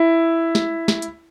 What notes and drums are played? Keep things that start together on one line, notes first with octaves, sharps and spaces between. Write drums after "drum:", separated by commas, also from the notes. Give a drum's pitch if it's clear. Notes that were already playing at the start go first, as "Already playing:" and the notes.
Already playing: E4
drum: snare
drum: snare
drum: hi-hat